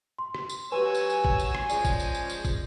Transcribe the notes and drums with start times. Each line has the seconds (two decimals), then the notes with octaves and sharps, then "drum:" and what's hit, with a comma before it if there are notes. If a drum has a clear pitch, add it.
0.18 C6
0.35 drum: rim click
0.50 drum: tambourine
0.72 F#3 G4 B4 C#5 G#5 E6
0.95 drum: tambourine
1.10 drum: tambourine
1.25 drum: kick
1.40 drum: tambourine
1.55 drum: rim click
1.70 F3 G#3 C#4 D5, drum: tambourine
1.85 drum: kick, tambourine
2.00 drum: tambourine
2.15 drum: tambourine
2.30 drum: tambourine
2.45 drum: kick, tambourine